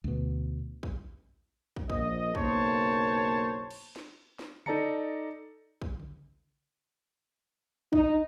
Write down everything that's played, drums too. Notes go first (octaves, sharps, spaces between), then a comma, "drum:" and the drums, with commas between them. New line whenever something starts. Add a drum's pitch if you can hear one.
D2 B2
drum: kick
drum: kick
A#1 D#5, drum: kick
F#1 B1 A#3 C5 C#5 A5, drum: kick
drum: cymbal
drum: snare
drum: snare
D#4 A4 D5 A5 A#5 C#7, drum: tom C#3
drum: kick
drum: tom C#3
D#4, drum: kick